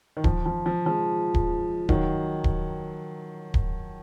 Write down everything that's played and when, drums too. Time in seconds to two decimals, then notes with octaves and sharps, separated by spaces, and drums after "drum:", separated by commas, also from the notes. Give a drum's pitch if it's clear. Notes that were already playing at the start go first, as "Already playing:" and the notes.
0.17 D#3
0.24 F3, drum: kick D1
0.46 F3
0.66 F3
0.86 F3 G#3
1.34 drum: kick D1
1.89 D#3 F#3, drum: kick D1
2.44 drum: kick D1
3.54 drum: kick D1